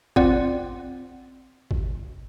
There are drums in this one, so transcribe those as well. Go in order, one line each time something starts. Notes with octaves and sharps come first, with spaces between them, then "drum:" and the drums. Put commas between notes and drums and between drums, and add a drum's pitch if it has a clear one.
C4 F4 D5 F#5, drum: kick G#1
drum: kick G#1